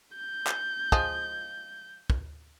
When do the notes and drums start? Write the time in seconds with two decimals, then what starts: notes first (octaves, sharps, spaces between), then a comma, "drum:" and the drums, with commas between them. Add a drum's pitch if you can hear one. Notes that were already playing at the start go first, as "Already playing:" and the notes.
0.16 G6
0.47 drum: clap
0.92 F3 G#3 D#5, drum: kick
2.10 drum: kick